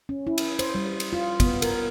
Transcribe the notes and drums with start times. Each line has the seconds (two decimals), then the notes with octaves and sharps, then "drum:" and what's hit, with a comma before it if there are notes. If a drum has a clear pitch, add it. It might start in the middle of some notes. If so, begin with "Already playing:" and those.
0.09 C#4
0.27 E4
0.38 drum: cymbal
0.59 C5, drum: cymbal
0.75 G3
1.00 drum: cymbal
1.13 F4
1.40 B3, drum: kick, cymbal
1.62 A#4, drum: cymbal